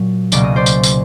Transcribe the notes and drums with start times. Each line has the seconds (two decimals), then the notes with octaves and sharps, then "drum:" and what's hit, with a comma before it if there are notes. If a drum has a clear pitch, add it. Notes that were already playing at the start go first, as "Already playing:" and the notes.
Already playing: A#2 F#3
0.32 C#2 B2 F#3 A#3 D5, drum: tambourine
0.44 D#5
0.56 C5 D5
0.66 drum: tambourine
0.83 drum: tambourine